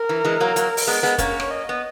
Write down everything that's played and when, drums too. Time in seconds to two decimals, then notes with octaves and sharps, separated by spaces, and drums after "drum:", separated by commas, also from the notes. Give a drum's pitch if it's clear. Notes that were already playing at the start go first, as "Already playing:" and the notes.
Already playing: A#4
0.09 E3
0.25 E3 G#3
0.40 F#3 A#3
0.56 F#3 A#3, drum: hi-hat
0.77 drum: open hi-hat
0.87 G#3 B3
1.03 G#3 B3
1.18 A#3 C#4 C#5, drum: kick, hi-hat
1.40 drum: rim click
1.50 D#5
1.69 B3